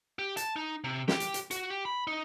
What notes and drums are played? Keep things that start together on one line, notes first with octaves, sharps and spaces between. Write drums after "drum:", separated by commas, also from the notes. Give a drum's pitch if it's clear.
G4
A5, drum: hi-hat
D#4
C3
G4, drum: snare
drum: hi-hat
drum: hi-hat
F#4, drum: hi-hat
G4
B5
D#4